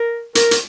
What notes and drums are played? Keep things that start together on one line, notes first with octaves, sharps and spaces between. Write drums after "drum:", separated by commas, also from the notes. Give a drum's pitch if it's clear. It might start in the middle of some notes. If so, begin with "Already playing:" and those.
Already playing: A#4
A#4, drum: hi-hat
drum: hi-hat